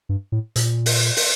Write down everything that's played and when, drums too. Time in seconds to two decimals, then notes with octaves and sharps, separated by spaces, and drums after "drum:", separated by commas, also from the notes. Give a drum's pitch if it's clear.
0.09 G2
0.32 A2
0.56 A#2, drum: hi-hat
0.86 drum: open hi-hat
1.17 drum: open hi-hat